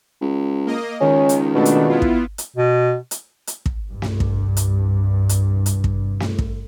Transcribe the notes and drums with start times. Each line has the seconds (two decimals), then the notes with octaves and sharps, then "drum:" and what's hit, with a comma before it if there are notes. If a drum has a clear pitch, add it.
0.22 C#2
0.67 A#3 D#5
1.01 C#2 D#3 C#4
1.29 drum: hi-hat
1.55 B2 D#3 A3 D4
1.65 drum: hi-hat
1.89 B3 E4 F4
2.02 drum: kick
2.38 drum: hi-hat
2.56 B2
3.11 drum: hi-hat
3.47 drum: hi-hat
3.66 drum: kick
3.87 C2 G2
4.02 drum: snare
4.20 drum: kick
4.57 drum: hi-hat
5.29 drum: hi-hat
5.66 drum: hi-hat
5.84 drum: kick
6.20 drum: snare
6.39 drum: kick